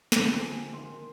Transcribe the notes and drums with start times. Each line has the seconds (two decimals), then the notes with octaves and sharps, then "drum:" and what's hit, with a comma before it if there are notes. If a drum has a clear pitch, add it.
0.12 D3 F3 G#3 C4 G5, drum: snare
0.42 G#5
0.73 D#3 A#3 C6